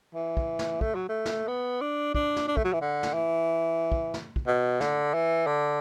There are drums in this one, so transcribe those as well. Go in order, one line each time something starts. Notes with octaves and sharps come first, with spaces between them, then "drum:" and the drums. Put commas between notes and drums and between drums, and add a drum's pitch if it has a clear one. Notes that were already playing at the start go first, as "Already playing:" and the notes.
E3
drum: kick
drum: snare
A3, drum: kick
F#3
A3
drum: snare
B3
D4
D4, drum: kick
drum: snare
D4
A3, drum: kick
F#3
E3
D3
drum: snare
E3
drum: kick
drum: snare
drum: kick
B2
D3, drum: snare
E3
D3